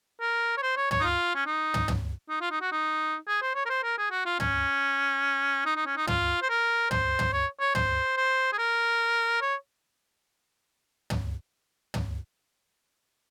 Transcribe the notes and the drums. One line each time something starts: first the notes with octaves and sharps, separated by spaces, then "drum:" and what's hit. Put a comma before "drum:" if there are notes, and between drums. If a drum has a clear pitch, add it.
A#4
C#5
C5
C#5
C#5, drum: tom
D#4
F4
C#4
D#4
drum: tom
drum: tom
D#4
F4
D#4
F#4
D#4
G#4
C5
C#5
A#4
C5
A#4
G#4
F#4
F4
C#4, drum: tom
D#4
D#4
C#4
D#4
F4, drum: tom
C5
A#4
C5, drum: tom
drum: tom
C#5
C#5
C5, drum: tom
C5
G#4
A#4
C#5
drum: tom
drum: tom